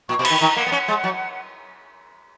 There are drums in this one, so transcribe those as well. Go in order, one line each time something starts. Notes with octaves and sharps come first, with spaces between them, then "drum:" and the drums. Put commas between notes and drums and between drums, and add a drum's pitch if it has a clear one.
A#2 C#6
B2
B5, drum: cymbal
D#3
D#3 A#5
A#3 F#5
B3
C#4
G#3
F#3